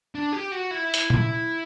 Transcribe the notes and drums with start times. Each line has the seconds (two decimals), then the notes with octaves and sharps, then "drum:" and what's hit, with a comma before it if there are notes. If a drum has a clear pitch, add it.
0.15 D4
0.33 G4
0.52 F#4
0.71 E4
0.94 drum: hi-hat
1.10 drum: tom A#2